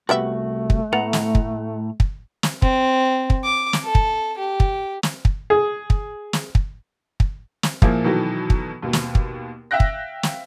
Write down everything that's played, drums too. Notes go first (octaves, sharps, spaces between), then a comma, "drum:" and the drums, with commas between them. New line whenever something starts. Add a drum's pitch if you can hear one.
C2 A3 B3 F#4 G4 E5
drum: kick
A2 B3 F#5 A#5
drum: snare
drum: kick
drum: kick
drum: snare
C4, drum: kick
drum: kick
D6
drum: snare
A4
drum: kick
G4
drum: kick
drum: snare
drum: kick
G#4
drum: kick
drum: snare
drum: kick
drum: kick
drum: snare
A#2 F3 A#3 E4 G#4, drum: kick
B2 D#3 E3 F#3 A4
drum: kick
D#2 B2
drum: snare
drum: kick
E5 F5 G5 F#6 A#6
drum: kick
drum: snare